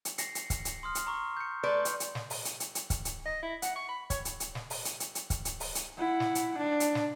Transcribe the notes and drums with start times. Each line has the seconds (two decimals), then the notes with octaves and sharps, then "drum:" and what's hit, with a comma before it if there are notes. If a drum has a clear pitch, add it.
0.05 drum: hi-hat
0.18 A#6 C7 C#7, drum: hi-hat
0.35 drum: hi-hat
0.50 drum: kick, hi-hat
0.65 drum: hi-hat
0.83 C6 D#6 F6
0.95 drum: hi-hat
1.07 A#5 C#6
1.37 G6 C#7
1.63 A3 B4 D5 C6 C#6 G6
1.85 drum: hi-hat
2.00 drum: hi-hat
2.15 drum: snare
2.30 drum: open hi-hat
2.45 drum: hi-hat
2.60 drum: hi-hat
2.75 drum: hi-hat
2.90 drum: kick, hi-hat
3.05 drum: hi-hat
3.26 D#5
3.43 E4
3.62 F#5, drum: hi-hat
3.76 C#6
3.89 B5
4.10 C#5, drum: kick, hi-hat
4.25 drum: hi-hat
4.40 drum: hi-hat
4.55 drum: snare
4.70 drum: open hi-hat
4.85 drum: hi-hat
5.00 drum: hi-hat
5.15 drum: hi-hat
5.30 drum: kick, hi-hat
5.45 drum: hi-hat
5.60 drum: open hi-hat
5.75 drum: hi-hat
5.98 E4 F#5
6.20 drum: snare
6.35 drum: hi-hat
6.57 D4
6.80 drum: hi-hat
6.95 drum: snare